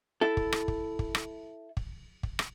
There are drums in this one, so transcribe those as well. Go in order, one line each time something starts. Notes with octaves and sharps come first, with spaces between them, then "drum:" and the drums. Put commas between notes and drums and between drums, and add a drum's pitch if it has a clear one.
E4 A4
drum: kick
drum: rim click
drum: kick
drum: kick
drum: rim click
drum: kick
drum: kick
drum: rim click